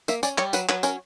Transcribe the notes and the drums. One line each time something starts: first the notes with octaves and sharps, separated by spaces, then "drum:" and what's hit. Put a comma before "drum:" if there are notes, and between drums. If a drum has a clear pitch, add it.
A#3 E5, drum: tambourine
C#4 D5, drum: tambourine
G3 C#5, drum: clap
F#3 B4, drum: tambourine
F#3 B4, drum: clap
C#4 A#4, drum: tambourine